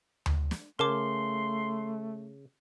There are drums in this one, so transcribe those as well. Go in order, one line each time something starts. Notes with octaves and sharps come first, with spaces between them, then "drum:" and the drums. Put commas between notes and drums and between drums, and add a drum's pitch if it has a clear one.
drum: tom D2
drum: snare
C#3 A3 A#4 A5 C6 D6